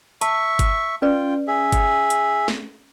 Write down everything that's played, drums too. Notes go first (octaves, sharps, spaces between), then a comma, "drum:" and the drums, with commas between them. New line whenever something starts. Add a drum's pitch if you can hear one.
E5 A5 C#6, drum: hi-hat
drum: kick G1, hi-hat
C#4 F4 B4 D5 G5
G#4 E5
drum: kick G1, hi-hat
drum: hi-hat
drum: snare